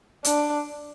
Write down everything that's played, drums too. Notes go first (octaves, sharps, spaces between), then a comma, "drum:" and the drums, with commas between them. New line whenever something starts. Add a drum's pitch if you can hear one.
D4, drum: hi-hat